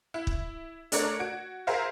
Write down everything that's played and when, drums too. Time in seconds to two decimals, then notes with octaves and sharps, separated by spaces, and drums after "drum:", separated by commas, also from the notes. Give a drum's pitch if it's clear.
0.14 E4
0.27 drum: kick
0.92 A3 D4 A#4 C#5 D5, drum: hi-hat
1.19 F#4 G#6 D7
1.67 G#4 A#4 C5 E5 F5